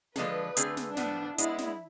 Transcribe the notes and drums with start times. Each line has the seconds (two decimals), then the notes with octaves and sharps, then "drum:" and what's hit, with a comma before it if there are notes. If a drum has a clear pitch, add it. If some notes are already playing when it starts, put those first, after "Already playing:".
0.16 D3 F3 G#3 D4 A4 B4, drum: snare
0.57 D3 A3 C4 G#4, drum: hi-hat
0.77 drum: snare
0.97 A2 F3 B3 D4, drum: snare
1.38 G#3 B3 D4 E4, drum: hi-hat
1.58 drum: snare